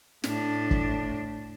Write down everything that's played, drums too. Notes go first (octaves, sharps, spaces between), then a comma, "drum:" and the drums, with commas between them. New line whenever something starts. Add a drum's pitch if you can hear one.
A2 D4, drum: snare
drum: kick